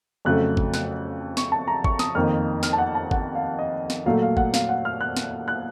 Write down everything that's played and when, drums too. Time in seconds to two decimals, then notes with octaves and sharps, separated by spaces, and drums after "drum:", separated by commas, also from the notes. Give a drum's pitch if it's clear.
0.25 F2 C#3 F#3 A3 F#6
0.57 drum: kick G#1
0.74 F#6, drum: snare
1.37 C#6, drum: snare
1.52 A5
1.68 A#5
1.84 C#6, drum: kick G#1
1.99 D#6, drum: snare
2.15 F2 D#3 A#3 F6
2.63 F6, drum: snare
2.73 A5
2.78 F#5
2.95 A5
3.11 F#5, drum: kick G#1
3.35 F5
3.59 D#5
3.90 drum: snare
4.06 A#2 F#3 A3 F5
4.22 F5
4.37 F#5, drum: kick G#1
4.54 F5, drum: snare
4.69 F#5
4.85 F6
5.01 F#6
5.17 drum: snare
5.48 F#6